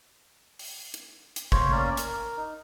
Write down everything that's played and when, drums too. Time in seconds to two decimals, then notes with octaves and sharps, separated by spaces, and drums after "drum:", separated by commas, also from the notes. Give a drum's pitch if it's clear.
0.59 drum: open hi-hat
0.94 drum: hi-hat
1.36 drum: hi-hat
1.52 F4 C5 C#5, drum: kick G#1
1.72 A#3 C#4 A#4 D5
1.97 A#4, drum: hi-hat
2.37 D#4